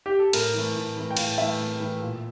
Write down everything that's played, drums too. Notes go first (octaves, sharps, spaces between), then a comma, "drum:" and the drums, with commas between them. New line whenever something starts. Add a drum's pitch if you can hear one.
G4
A4
A2 A#4, drum: cymbal
E3 A3
A2
E3 A3
G5
A2 F5, drum: cymbal
E3 A3 E5
A2
E3 A3
A#2